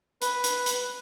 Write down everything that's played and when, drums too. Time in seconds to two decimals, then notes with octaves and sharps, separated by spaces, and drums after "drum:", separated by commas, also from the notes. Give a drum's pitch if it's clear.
0.22 B4, drum: hi-hat
0.44 drum: hi-hat
0.66 drum: hi-hat